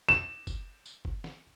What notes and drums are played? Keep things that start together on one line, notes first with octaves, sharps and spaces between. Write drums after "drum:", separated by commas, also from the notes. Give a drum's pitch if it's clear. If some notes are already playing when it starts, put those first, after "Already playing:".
E7, drum: snare
drum: kick F#1, tambourine
drum: tambourine
drum: kick F#1
drum: snare